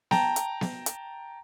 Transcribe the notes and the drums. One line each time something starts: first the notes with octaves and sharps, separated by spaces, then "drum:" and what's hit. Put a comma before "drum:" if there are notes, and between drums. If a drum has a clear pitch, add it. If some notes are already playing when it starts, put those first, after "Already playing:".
G5 A5 A#5, drum: snare B3
drum: hi-hat
drum: snare B3
drum: hi-hat